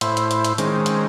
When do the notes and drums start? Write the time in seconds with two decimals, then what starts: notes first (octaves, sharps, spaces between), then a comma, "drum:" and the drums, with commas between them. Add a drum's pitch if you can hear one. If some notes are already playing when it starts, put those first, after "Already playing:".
0.01 A2 E4 C5, drum: hi-hat
0.17 drum: hi-hat
0.31 drum: hi-hat
0.45 drum: hi-hat
0.58 D#3 G#3 C4 C#4, drum: hi-hat
0.86 drum: hi-hat